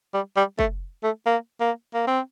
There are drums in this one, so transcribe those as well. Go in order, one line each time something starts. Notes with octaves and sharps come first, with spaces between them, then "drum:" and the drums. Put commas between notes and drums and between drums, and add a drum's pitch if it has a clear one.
G3
G3
A3, drum: kick
A3
A#3
A#3
A#3
C4